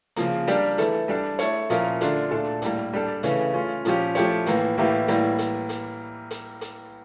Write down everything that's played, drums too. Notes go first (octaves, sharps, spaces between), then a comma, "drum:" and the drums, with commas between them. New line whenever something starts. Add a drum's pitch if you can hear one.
C#3 F3 A#3, drum: hi-hat
G3 D4 G4 A#4, drum: hi-hat
E3 A3 E4 A4, drum: hi-hat
G3 D4 A4
A3 E4 A4 C#5, drum: hi-hat
A#2 F3 C#4 E4 A#4, drum: hi-hat
D3 A3 D4 F4, drum: hi-hat
A#2 A3 D4 A4
A2 G3 A#3, drum: hi-hat
G3 D4 A4
C#3 E3 A3 C#4, drum: hi-hat
A3 C#4 F4
A#2 F3 C#4 G4, drum: hi-hat
F3 A3 E4 G4 C#5, drum: hi-hat
A2 E3 A#3, drum: hi-hat
A2 E3 A#3 E4 G4
A2 E3 G3 A#3, drum: hi-hat
drum: hi-hat
drum: hi-hat
drum: hi-hat
drum: hi-hat